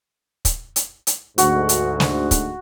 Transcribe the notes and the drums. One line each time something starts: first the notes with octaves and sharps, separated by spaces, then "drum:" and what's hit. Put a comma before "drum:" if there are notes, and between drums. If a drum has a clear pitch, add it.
drum: kick, hi-hat
drum: hi-hat
drum: hi-hat
D2 G#2 F#4, drum: hi-hat
drum: hi-hat
drum: snare
drum: kick, hi-hat